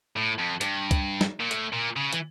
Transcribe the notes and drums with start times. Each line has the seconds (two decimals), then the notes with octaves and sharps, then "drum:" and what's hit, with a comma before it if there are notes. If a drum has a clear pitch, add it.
0.16 A2
0.38 F2
0.61 G2, drum: hi-hat
0.91 drum: kick, hi-hat
1.21 drum: snare
1.40 A#2
1.51 A2, drum: hi-hat
1.73 A#2
1.96 C#3
2.13 E3, drum: hi-hat